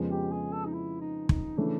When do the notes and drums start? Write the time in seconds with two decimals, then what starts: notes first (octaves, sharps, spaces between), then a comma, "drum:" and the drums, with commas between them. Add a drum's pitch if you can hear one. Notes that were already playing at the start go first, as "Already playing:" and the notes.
Already playing: F2 C#3 F3 G#3 B3
0.10 G4
0.31 G#4
0.52 A4
0.65 D#4
0.73 E4
1.01 D#4
1.29 D#4, drum: kick
1.57 C#3 E3 A3 D4